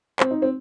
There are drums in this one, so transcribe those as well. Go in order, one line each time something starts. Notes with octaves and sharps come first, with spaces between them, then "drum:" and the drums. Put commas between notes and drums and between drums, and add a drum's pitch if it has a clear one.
C4, drum: clap
D#4
C4